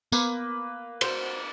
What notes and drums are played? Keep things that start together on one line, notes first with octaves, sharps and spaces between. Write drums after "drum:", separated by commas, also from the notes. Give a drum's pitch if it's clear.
A#3 B3 B4, drum: tambourine
F#4 C5, drum: cymbal